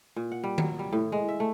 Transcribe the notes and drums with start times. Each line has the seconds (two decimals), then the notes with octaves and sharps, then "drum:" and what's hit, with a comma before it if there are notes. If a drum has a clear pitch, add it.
0.16 A#2
0.32 F#5
0.44 G3
0.58 F#3, drum: tom D#3
0.79 G3
0.93 A2
1.12 G#3
1.29 E5
1.40 A3